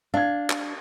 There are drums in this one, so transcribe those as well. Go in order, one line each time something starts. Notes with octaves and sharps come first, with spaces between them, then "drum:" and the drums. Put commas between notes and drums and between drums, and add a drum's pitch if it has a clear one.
D4 F5 G#6
drum: clap